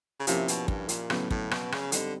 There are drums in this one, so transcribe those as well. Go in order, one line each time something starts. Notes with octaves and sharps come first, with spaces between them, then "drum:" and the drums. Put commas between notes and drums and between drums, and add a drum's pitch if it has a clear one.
C#3
C3 F3 A#3 C#4 E4 G4, drum: hi-hat
B2, drum: hi-hat
G2, drum: kick
A#2, drum: hi-hat
A2 C#3 F#3 B3, drum: rim click
A2, drum: kick
B2, drum: rim click
C#3, drum: rim click
D3 G3 C4 D#4, drum: hi-hat